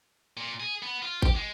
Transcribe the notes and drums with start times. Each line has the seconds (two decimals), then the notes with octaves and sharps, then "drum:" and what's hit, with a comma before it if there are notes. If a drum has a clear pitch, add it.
0.37 A#2
0.60 G#4
0.83 B3
1.02 F4
1.22 G4, drum: kick G#1
1.36 G#3